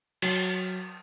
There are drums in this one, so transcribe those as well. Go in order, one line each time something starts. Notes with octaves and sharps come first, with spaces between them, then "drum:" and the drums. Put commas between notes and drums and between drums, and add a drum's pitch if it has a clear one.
F#3, drum: cymbal